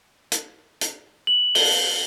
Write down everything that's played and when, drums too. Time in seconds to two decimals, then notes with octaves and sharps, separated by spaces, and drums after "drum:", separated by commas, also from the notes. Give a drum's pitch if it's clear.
0.32 drum: hi-hat
0.81 drum: hi-hat
1.27 F#7
1.55 G7, drum: open hi-hat